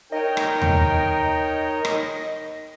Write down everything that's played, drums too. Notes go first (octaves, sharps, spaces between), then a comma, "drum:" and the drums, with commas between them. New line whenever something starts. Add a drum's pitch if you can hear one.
D#4 A#4 C#5 D#5 G5
drum: rim click
drum: tom D#2
drum: rim click